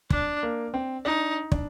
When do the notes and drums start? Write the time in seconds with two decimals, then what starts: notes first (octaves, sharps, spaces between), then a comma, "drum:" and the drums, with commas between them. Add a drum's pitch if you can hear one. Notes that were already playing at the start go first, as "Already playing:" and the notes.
0.10 D4, drum: kick
0.43 A#3
0.74 C4
1.05 D4 D#4
1.52 D4, drum: kick